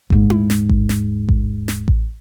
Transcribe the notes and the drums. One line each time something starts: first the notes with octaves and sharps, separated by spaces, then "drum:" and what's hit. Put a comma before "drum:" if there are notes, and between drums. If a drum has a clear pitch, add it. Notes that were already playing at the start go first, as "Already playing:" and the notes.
D#1 G#2, drum: kick A1
drum: tom E4
drum: snare
drum: kick A1
drum: snare
drum: kick A1
drum: snare
drum: kick A1